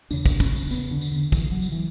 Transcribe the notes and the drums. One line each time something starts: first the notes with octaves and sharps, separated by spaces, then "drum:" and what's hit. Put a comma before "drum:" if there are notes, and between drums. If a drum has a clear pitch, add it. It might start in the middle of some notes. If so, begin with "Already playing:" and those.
E2 C#3 D4, drum: tambourine
drum: kick, tambourine
C#4, drum: kick, tambourine
drum: tambourine
B3, drum: tambourine
D3
drum: tambourine
D3
E3, drum: kick, tambourine
F#3
drum: tambourine
E3